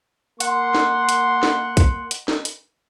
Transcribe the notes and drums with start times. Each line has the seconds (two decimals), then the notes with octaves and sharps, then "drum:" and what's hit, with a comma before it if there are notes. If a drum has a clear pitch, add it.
0.40 A#3 F#5 C6, drum: hi-hat
0.75 drum: snare
1.09 drum: hi-hat
1.43 drum: snare
1.77 drum: kick, hi-hat
2.11 drum: hi-hat
2.28 drum: snare
2.45 drum: hi-hat